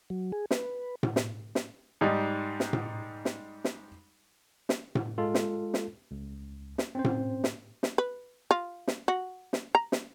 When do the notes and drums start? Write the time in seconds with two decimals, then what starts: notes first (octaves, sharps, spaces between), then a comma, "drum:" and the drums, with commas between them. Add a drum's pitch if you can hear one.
0.10 F#3
0.32 G#4
0.51 B4, drum: snare
1.03 drum: tom A2
1.16 drum: snare
1.55 drum: snare
2.01 G#2 G3 D#4
2.60 drum: snare
2.73 drum: tom A2
3.25 drum: snare
3.64 drum: snare
4.69 drum: snare
4.95 drum: tom A2
5.18 G#3 F4 A4
5.34 drum: snare
5.74 drum: snare
6.11 C#2
6.78 drum: snare
6.95 C4 C#4 C5
7.04 drum: tom A2
7.44 drum: snare
7.83 drum: snare
7.98 B4
8.51 F4
8.88 drum: snare
9.08 F#4
9.53 drum: snare
9.75 A#5
9.92 drum: snare